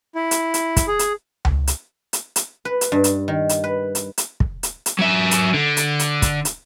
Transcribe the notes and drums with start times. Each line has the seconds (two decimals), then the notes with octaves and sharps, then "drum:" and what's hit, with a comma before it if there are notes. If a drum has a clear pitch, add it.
0.15 E4
0.31 drum: hi-hat
0.54 drum: hi-hat
0.77 drum: kick, hi-hat
0.88 G#4
0.99 drum: hi-hat
1.45 drum: tom C#2
1.67 drum: hi-hat
2.13 drum: hi-hat
2.36 drum: hi-hat
2.65 B4
2.81 drum: hi-hat
2.92 G2
3.04 drum: hi-hat
3.28 D#3
3.49 drum: hi-hat
3.64 B4
3.95 drum: hi-hat
4.18 drum: hi-hat
4.40 drum: kick
4.63 drum: hi-hat
4.86 drum: hi-hat
4.99 F#3 E5
5.31 drum: hi-hat
5.54 D3
5.77 drum: hi-hat
5.99 drum: hi-hat
6.22 drum: kick, hi-hat
6.45 drum: hi-hat